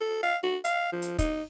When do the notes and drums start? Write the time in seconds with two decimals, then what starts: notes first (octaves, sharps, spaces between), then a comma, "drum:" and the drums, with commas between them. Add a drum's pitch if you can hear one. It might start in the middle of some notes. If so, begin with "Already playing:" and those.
0.01 A4
0.23 F5
0.43 F#4
0.65 F5, drum: hi-hat
0.92 F3
1.02 drum: hi-hat
1.19 D#4, drum: kick, hi-hat